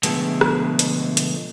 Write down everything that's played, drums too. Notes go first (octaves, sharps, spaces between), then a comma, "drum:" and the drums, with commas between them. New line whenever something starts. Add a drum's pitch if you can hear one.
B2 D3 F3 G#3 A3 B3, drum: hi-hat
drum: rim click
drum: hi-hat
drum: hi-hat